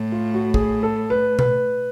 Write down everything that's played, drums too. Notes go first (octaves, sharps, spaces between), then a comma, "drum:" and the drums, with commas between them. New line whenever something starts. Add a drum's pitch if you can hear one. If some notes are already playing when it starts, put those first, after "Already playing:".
Already playing: A2
F4
F#4
G#4, drum: kick
A4
B4
B4, drum: tom B2